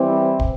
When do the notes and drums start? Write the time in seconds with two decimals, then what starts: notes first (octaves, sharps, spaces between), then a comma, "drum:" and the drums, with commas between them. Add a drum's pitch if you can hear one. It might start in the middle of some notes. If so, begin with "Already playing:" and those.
Already playing: E3 G3 C4 E4
0.39 drum: kick